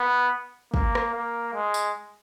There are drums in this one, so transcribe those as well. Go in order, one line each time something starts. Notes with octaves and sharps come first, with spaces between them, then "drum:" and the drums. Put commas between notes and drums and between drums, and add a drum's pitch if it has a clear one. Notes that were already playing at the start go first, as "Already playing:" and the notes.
Already playing: B3
A#3, drum: kick
drum: rim click
A#3
G#3
drum: tambourine